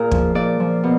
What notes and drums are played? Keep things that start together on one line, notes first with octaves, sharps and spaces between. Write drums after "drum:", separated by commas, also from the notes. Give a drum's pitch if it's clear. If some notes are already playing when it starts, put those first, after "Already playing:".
Already playing: A#2 G#4 A#4 D5
F3, drum: kick
A#2 D5
F3
B2